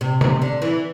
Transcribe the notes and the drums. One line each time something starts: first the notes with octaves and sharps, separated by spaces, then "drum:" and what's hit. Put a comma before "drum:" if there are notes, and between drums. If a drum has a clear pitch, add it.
C3
C3, drum: tom C3
D3
E3